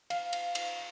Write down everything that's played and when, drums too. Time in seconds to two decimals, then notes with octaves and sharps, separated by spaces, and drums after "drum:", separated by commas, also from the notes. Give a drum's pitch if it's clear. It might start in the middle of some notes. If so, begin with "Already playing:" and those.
0.10 F5, drum: cymbal
0.33 drum: cymbal
0.55 drum: cymbal